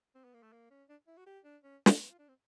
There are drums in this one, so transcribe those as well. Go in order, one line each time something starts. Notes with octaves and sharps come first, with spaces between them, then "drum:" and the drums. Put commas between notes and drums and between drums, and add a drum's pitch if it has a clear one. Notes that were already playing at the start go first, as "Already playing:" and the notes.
C4
B3
A#3
A3
A#3
C#4
D4
E4
F#4
G4
D4
C#4
drum: snare
B3
F4
D4
C4